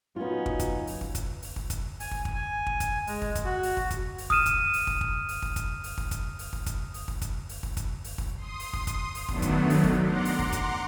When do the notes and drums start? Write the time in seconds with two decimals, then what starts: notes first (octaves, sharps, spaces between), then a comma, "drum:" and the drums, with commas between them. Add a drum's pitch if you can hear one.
0.16 F#3 B3 C#4 D#4 F4
0.46 drum: kick
0.60 drum: kick, hi-hat
0.87 drum: open hi-hat
1.01 drum: kick
1.15 drum: kick, hi-hat
1.42 drum: open hi-hat
1.56 drum: kick
1.70 drum: kick, hi-hat
2.00 G#5, drum: open hi-hat
2.11 drum: kick
2.25 drum: kick
2.34 G#5
2.66 drum: kick
2.80 drum: kick, hi-hat
3.07 G#3, drum: open hi-hat
3.22 drum: kick
3.35 drum: kick, hi-hat
3.45 F#4
3.63 drum: open hi-hat
3.77 drum: kick
3.91 drum: kick, hi-hat
4.18 drum: open hi-hat
4.30 D#6 F6 D#7 E7, drum: kick
4.46 drum: kick, hi-hat
4.73 drum: open hi-hat
4.87 drum: kick
5.01 drum: kick
5.29 drum: open hi-hat
5.42 drum: kick
5.56 drum: kick, hi-hat
5.84 drum: open hi-hat
5.97 drum: kick
6.11 drum: kick, hi-hat
6.39 drum: open hi-hat
6.53 drum: kick
6.66 drum: kick, hi-hat
6.94 drum: open hi-hat
7.08 drum: kick
7.22 drum: kick, hi-hat
7.49 drum: open hi-hat
7.63 drum: kick
7.77 drum: kick, hi-hat
8.04 drum: open hi-hat
8.18 drum: kick
8.36 C6 D#6
8.60 drum: open hi-hat
8.73 drum: kick
8.87 drum: kick, hi-hat
9.15 drum: open hi-hat
9.28 D#3 F#3 A3 B3 D4, drum: kick
9.42 drum: kick, hi-hat
9.70 drum: open hi-hat
9.84 drum: kick
10.02 F#5 A#5 C6 D6
10.25 drum: open hi-hat
10.39 drum: kick
10.53 drum: kick, hi-hat